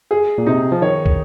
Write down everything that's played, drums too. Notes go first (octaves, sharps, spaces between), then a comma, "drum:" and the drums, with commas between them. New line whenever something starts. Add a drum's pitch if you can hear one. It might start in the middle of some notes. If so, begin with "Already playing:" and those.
G#4
A#2
C3 D#4
F3
D#3 C#5
drum: kick